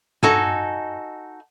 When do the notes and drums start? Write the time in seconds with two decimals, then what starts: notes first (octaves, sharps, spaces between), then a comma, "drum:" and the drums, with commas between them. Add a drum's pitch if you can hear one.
0.23 D#4 F#4 A4 G#5, drum: tom G2